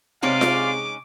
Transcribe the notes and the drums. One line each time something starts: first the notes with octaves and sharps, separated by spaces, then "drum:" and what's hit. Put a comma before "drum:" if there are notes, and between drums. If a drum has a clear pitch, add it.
C3 G#3 C#4 D#4 D5 F5 C6 D6
drum: snare F4